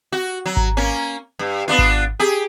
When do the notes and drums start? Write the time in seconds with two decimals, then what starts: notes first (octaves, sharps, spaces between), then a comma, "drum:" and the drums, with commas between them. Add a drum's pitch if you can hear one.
0.12 F#4
0.46 F#3
0.57 drum: kick G#1
0.77 A#3 C#4
1.39 G2
1.68 B3 D4 F4
1.79 drum: kick G#1
2.20 G4 G#4